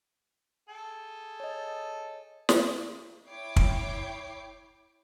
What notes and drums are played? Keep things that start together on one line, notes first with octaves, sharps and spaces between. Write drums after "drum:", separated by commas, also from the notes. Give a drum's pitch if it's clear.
G#4 A4 G5
C#5 D#5
drum: snare
E4 C#5 G5 D6 C7
drum: kick